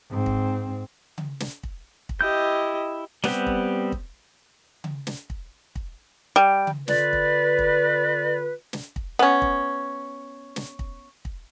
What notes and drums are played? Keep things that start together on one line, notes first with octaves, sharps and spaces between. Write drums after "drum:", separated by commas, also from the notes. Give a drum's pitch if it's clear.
G#2 C4
drum: kick
drum: tom C#3
drum: snare
drum: kick
drum: kick
E4 G4 D#5 G6
G3 B3 C4 G4, drum: snare
drum: kick
drum: kick
drum: tom C#3
drum: snare
drum: kick
drum: kick
G3
drum: tom C#3
D3 F4 B4 D5, drum: snare
drum: kick
drum: kick
drum: snare
drum: kick
B3 C#4
drum: kick
drum: snare
drum: kick
drum: kick